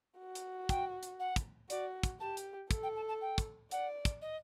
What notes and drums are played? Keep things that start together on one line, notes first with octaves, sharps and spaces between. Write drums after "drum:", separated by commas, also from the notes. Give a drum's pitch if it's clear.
F#4
drum: hi-hat
G5, drum: kick, hi-hat
drum: hi-hat
F#5
drum: kick, hi-hat
F#4 D5, drum: hi-hat
drum: kick, hi-hat
G4 A5
drum: hi-hat
A4, drum: kick, hi-hat
G5
A5
A5
G5
drum: kick, hi-hat
D5 F#5, drum: hi-hat
drum: kick, hi-hat
D#5